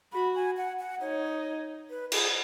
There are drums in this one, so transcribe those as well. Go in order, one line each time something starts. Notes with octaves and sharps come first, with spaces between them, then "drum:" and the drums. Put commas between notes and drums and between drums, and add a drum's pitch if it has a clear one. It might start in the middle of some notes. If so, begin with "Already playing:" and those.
F#4 B5
G#5
F#5
F#5
D#4 C#5
B4
G#4, drum: cymbal